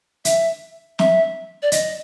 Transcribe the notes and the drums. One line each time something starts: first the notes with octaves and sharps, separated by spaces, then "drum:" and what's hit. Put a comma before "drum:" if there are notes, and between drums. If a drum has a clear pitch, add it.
E5, drum: hi-hat
E5, drum: snare
D5
D#5, drum: hi-hat